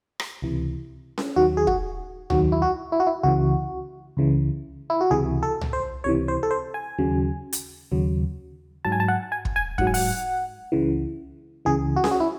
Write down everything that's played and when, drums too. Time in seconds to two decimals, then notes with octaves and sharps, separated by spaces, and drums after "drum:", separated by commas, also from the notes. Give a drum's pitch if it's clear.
0.20 drum: rim click
0.42 C#2 C3 E3
1.18 drum: snare C#4
1.36 D#2 D#3 F#3 F#4
1.57 G#4
1.67 F#4, drum: kick
2.30 D#2 D#3 F#3 F#4, drum: tom C2
2.52 E4
2.62 F#4
2.92 E4
3.00 F#4
3.07 E4
3.23 C#2 C#3 E3 F#4
4.17 C#2 C#3 E3
4.90 E4
5.01 F#4
5.10 C#2 C3 E3 G#4
5.43 A4
5.61 drum: tom C2
5.73 C5
6.04 C#2 C3 E3 C#5
6.28 C5
6.43 A4
6.51 C5
6.74 G#5
6.98 D#2 C#3 F#3
7.53 drum: hi-hat
7.91 D#2 C#3 F#3
8.85 G#2 F#3 A5
8.92 G#5
9.00 A5
9.08 F#5
9.32 G#5
9.45 drum: kick
9.56 G#5
9.78 G#2 F#3 F#5, drum: kick
9.87 G#5
9.94 F#5, drum: open hi-hat
10.72 C#2 C#3 E3
11.65 C#2 C#3 E3 G#4
11.96 F#4
12.04 G#4, drum: snare C#4
12.11 F#4
12.20 E4